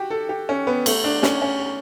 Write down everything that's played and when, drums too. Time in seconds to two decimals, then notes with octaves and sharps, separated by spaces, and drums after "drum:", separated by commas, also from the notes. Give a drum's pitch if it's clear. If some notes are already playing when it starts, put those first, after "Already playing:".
Already playing: F#4 G4
0.10 A4
0.29 G4
0.49 C#4
0.67 B3
0.86 A3, drum: cymbal
1.04 D4
1.23 C#4, drum: snare
1.42 C#4